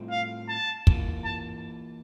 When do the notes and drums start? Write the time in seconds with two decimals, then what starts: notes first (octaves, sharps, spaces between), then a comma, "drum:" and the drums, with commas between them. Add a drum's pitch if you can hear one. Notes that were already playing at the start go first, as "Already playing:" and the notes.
Already playing: A2 G3 C4 F4
0.11 F5
0.49 A5
0.87 E3 A#3 F4, drum: kick
1.24 A5